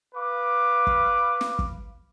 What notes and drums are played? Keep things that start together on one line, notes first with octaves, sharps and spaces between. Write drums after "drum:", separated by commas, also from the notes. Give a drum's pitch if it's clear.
B4 F5 D6
drum: kick
drum: snare
drum: kick